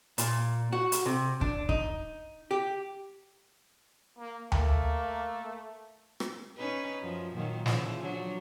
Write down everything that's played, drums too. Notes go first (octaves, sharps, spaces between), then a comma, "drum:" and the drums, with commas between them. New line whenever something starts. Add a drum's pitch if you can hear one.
A#2, drum: hi-hat
F#4
drum: hi-hat
C3
D4, drum: kick
D#4, drum: kick
G4
A#3
A3 A#3, drum: tom D2
drum: rim click
C#4 D#4 B4
F#2 F3
A#2 D#3 F#3
C#3 E3 F3, drum: snare
F3 F#3 D4